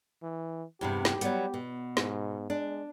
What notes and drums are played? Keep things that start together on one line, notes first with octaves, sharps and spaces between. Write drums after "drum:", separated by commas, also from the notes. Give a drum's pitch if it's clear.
E3
E2 G2 C3 G4
drum: snare
F#3 G3 B3, drum: hi-hat
B2
G#2, drum: snare
G#3 D4